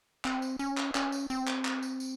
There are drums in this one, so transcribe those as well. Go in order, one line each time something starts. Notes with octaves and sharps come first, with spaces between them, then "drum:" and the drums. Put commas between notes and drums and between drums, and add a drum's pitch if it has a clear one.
C4, drum: clap
drum: tambourine
C#4, drum: tambourine
drum: clap
C#4, drum: clap
drum: tambourine
C4, drum: tambourine
drum: clap
drum: clap
drum: tambourine
drum: tambourine